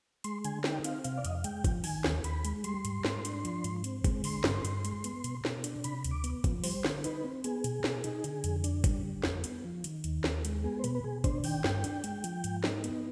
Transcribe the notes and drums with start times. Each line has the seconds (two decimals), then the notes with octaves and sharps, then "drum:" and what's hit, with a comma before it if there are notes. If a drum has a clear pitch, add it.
0.24 G#3 C6, drum: hi-hat
0.44 D3 G#5, drum: hi-hat
0.64 D#4 G5, drum: snare
0.84 C4 F5, drum: hi-hat
1.04 C3 F5, drum: hi-hat
1.18 D5
1.25 F2 D#5, drum: hi-hat
1.35 F5
1.44 G#3 G5, drum: hi-hat
1.64 F3, drum: kick, hi-hat
1.84 D#3 G#5, drum: open hi-hat
2.04 D#2, drum: snare
2.24 D#2 B5, drum: hi-hat
2.45 G#3, drum: hi-hat
2.64 G3 C6, drum: hi-hat
2.85 G#2, drum: hi-hat
3.05 G#2, drum: snare
3.25 D4, drum: hi-hat
3.45 F3, drum: hi-hat
3.64 G#2, drum: hi-hat
3.84 C4, drum: hi-hat
4.04 G#3, drum: kick, hi-hat
4.24 D3 C6, drum: open hi-hat
4.44 G2, drum: snare
4.65 G2, drum: hi-hat
4.85 G#3, drum: hi-hat
5.04 B3, drum: hi-hat
5.24 B2, drum: hi-hat
5.45 B2, drum: snare
5.64 D4, drum: hi-hat
5.84 C3 B5, drum: hi-hat
6.04 D2, drum: hi-hat
6.11 D6
6.24 B3, drum: hi-hat
6.44 F3, drum: kick, hi-hat
6.64 G3 C5, drum: open hi-hat
6.84 D3, drum: snare
7.04 D#4 B4, drum: hi-hat
7.24 C4
7.44 B3 G#4, drum: hi-hat
7.64 B2, drum: hi-hat
7.84 B2, drum: snare
8.04 D#4, drum: hi-hat
8.24 D3, drum: hi-hat
8.44 F2, drum: hi-hat
8.64 D4, drum: hi-hat
8.84 G3, drum: kick, hi-hat
9.04 D3
9.24 F2, drum: snare
9.44 B3, drum: hi-hat
9.64 F3
9.84 D#3, drum: hi-hat
10.04 D#2, drum: hi-hat
10.24 D#2, drum: snare
10.45 G#3, drum: hi-hat
10.64 B3 G#4
10.79 C5
10.84 B2 B4, drum: hi-hat
10.95 B4
11.04 B2 G#4
11.24 D4 C5, drum: kick, hi-hat
11.44 D#3 G5, drum: open hi-hat
11.64 G2, drum: snare
11.84 D4, drum: hi-hat
12.04 G#3, drum: hi-hat
12.24 F3, drum: hi-hat
12.44 G#2, drum: hi-hat
12.64 D#4, drum: snare
12.84 B3, drum: hi-hat